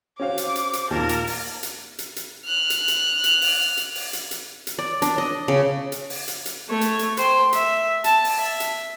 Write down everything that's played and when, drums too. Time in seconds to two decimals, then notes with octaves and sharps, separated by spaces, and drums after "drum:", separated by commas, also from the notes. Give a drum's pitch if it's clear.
0.20 C#4 F#4 C5 F5 D6
0.38 drum: hi-hat
0.55 drum: hi-hat
0.73 drum: hi-hat
0.91 D#2 A#2 A#4 A5
1.09 drum: hi-hat
1.27 drum: open hi-hat
1.63 drum: hi-hat
1.99 drum: hi-hat
2.16 drum: hi-hat
2.47 F6 F#6
2.70 drum: hi-hat
2.88 drum: hi-hat
3.24 drum: hi-hat
3.42 drum: open hi-hat
3.77 drum: hi-hat
3.95 drum: open hi-hat
4.13 drum: hi-hat
4.31 drum: hi-hat
4.67 drum: hi-hat
4.79 D5
5.02 D4, drum: hi-hat
5.18 D#5
5.48 C#3
5.92 drum: hi-hat
6.10 drum: open hi-hat
6.28 drum: hi-hat
6.46 drum: hi-hat
6.68 A3 C#5
6.81 drum: hi-hat
6.99 drum: hi-hat
7.17 C5 G5, drum: hi-hat
7.53 E5, drum: hi-hat
8.04 A5, drum: hi-hat
8.24 drum: open hi-hat
8.37 E5
8.60 drum: hi-hat